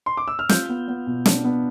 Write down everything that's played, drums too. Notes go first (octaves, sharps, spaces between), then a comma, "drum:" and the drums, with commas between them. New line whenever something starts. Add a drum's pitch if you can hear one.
C6
D6
E6
F6
F4 G6, drum: snare
B3
B3
B2
D4, drum: snare
B3